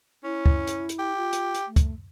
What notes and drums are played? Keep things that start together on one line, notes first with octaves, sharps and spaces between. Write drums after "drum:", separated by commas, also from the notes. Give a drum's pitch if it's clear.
C#4 E4
drum: kick
drum: hi-hat
drum: hi-hat
G4
F4
drum: hi-hat
drum: hi-hat
A3
drum: kick, hi-hat